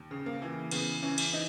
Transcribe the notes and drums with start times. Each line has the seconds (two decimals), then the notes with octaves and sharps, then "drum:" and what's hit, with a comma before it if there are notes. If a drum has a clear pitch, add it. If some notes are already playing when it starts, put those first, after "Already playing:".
Already playing: D#2
0.11 C#3
0.26 A#3
0.42 E3
0.71 C#3 B3, drum: cymbal
1.02 E3 C#4
1.18 drum: cymbal
1.33 E3 D#4